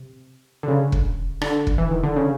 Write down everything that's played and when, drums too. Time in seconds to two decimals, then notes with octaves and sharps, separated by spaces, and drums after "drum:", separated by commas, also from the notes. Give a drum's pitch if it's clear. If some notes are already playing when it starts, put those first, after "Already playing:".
Already playing: C3
0.63 D3
0.68 C#3
0.92 drum: kick
1.41 D3, drum: rim click
1.67 drum: kick
1.78 E3
1.91 D#3
2.03 D3
2.16 C#3